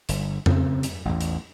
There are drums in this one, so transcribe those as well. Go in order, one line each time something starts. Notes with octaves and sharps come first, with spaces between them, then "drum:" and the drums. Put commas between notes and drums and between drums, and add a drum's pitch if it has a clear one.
G1, drum: hi-hat
C#3 C4, drum: tom F2
drum: hi-hat
A1 E2
drum: hi-hat